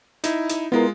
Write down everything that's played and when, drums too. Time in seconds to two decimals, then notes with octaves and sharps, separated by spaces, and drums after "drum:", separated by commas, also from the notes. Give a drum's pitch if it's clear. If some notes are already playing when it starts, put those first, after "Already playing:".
0.24 D#4 E4, drum: hi-hat
0.49 drum: hi-hat
0.72 G#3 B3 E4 F4 A#4